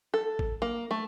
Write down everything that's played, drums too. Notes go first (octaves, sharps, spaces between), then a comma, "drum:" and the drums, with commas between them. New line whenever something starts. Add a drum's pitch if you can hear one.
A4
drum: kick G#1
A#3
A3